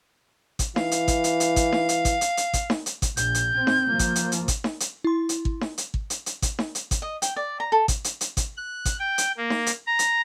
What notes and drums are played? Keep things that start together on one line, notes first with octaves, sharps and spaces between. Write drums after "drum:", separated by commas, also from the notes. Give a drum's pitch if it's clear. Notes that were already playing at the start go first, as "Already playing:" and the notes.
drum: kick, hi-hat
E3 F5, drum: snare D#4
drum: hi-hat
drum: kick, hi-hat
drum: hi-hat
drum: hi-hat
drum: kick, hi-hat
drum: snare D#4
drum: hi-hat
drum: kick, hi-hat
drum: hi-hat
drum: hi-hat
drum: kick, hi-hat
drum: snare D#4
drum: hi-hat
drum: kick, hi-hat
A#1 G6, drum: hi-hat
drum: hi-hat
C4
drum: snare D#4
F3 A#3
drum: kick, hi-hat
drum: hi-hat
drum: hi-hat
drum: kick, hi-hat
drum: snare D#4
drum: hi-hat
E4 C6
drum: hi-hat
drum: kick
drum: snare D#4
drum: hi-hat
drum: kick
drum: hi-hat
drum: hi-hat
drum: kick, hi-hat
drum: snare D#4
drum: hi-hat
drum: kick, hi-hat
D#5
G5, drum: hi-hat
D5
A#5
A4
drum: kick, hi-hat
drum: hi-hat
drum: hi-hat
drum: kick, hi-hat
F#6
drum: kick, hi-hat
G5
drum: hi-hat
A#3
drum: snare D#4
drum: hi-hat
A#5
drum: hi-hat